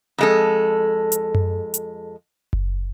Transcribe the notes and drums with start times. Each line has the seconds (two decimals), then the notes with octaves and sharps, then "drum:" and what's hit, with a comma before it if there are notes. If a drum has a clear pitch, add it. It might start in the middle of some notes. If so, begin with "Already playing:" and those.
0.18 F2 G#3 A4
1.12 drum: hi-hat
1.35 drum: tom F#2
1.74 drum: hi-hat
2.53 drum: kick F#1